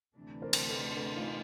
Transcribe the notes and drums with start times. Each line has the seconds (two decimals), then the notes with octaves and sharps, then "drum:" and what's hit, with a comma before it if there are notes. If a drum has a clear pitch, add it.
0.15 D2 C3 E3 A3 D4
0.42 A#4 C5
0.53 drum: cymbal
0.69 A4 B4
0.96 A4 B4
1.16 D#4 F4